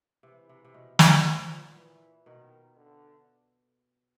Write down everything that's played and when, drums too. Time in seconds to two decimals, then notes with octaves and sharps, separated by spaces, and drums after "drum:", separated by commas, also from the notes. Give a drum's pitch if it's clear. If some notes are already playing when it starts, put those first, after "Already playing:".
0.23 C3 E3
0.49 C3
0.65 C3
0.74 B2
0.99 B2, drum: snare
1.24 A#2 F3
1.76 E3
2.26 B2 D#3
2.77 D3